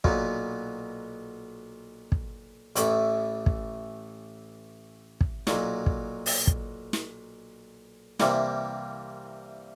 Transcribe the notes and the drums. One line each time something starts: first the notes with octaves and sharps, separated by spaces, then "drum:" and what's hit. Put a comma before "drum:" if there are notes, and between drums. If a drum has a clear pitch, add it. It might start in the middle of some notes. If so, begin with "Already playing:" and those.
B1 A#2 F#3 B3, drum: kick
drum: kick
A1 A2 E3 A3, drum: hi-hat
drum: kick
drum: kick
B1 A#2 F#3, drum: snare
drum: kick
drum: open hi-hat
drum: kick
drum: snare
C2 C3 E3 G3 A#3, drum: snare